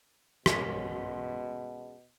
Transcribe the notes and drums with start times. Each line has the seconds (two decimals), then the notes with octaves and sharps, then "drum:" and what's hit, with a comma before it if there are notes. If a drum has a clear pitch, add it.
0.46 B2 G#3 C#4 A#4, drum: rim click